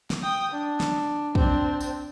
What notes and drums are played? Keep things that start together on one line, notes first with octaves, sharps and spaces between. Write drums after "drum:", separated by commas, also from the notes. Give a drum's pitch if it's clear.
drum: snare
G5 D#6
D4
drum: snare
C4 D4, drum: kick
drum: tambourine